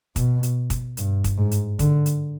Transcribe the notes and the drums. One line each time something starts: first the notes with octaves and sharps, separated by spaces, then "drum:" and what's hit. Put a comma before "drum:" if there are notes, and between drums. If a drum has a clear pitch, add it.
B2, drum: kick, hi-hat
drum: hi-hat
drum: kick, hi-hat
G2, drum: hi-hat
drum: kick, hi-hat
G#2
drum: hi-hat
D3, drum: kick, hi-hat
drum: hi-hat